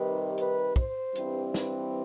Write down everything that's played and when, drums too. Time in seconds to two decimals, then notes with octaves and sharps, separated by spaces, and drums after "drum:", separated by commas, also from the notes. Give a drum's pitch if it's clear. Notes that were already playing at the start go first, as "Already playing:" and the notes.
Already playing: C3 D#3 G3 D#4 B4
0.38 B4, drum: hi-hat
0.76 C5, drum: kick
1.15 G2 E3 G3 C4, drum: hi-hat
1.54 B4, drum: snare